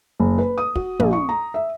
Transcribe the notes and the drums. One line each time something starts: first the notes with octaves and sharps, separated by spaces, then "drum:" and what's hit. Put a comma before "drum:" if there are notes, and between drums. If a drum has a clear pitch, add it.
F#1
B4
D#6
F#4, drum: kick
A#1, drum: tom
C#6
A#5
E5